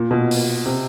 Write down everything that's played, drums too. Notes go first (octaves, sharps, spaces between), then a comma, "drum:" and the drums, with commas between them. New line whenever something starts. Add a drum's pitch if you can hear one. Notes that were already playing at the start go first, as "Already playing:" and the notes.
Already playing: A#2
B2
drum: open hi-hat
C3